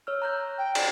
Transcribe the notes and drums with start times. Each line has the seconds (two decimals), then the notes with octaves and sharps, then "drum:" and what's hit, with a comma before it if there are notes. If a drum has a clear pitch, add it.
0.07 C#5 E6 F6
0.22 A#5 F#6 G6
0.58 G5
0.75 D5, drum: cymbal